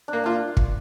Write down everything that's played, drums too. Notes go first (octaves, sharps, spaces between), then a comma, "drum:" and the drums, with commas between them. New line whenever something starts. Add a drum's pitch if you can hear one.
A#3 D4
D4 F4
drum: kick